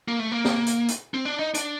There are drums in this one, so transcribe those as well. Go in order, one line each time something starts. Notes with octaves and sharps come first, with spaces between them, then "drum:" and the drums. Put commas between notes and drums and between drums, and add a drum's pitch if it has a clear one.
A#3
A3
A#3
drum: snare
drum: hi-hat
drum: hi-hat
C4
D4
D#4
D4, drum: hi-hat